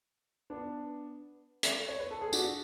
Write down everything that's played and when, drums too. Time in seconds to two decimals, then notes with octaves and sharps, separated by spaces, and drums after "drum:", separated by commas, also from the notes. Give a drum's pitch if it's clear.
0.50 B3 D4
1.63 drum: hi-hat
1.89 C#5
1.99 B4
2.11 A4
2.21 G#4
2.33 D4 F#4, drum: tambourine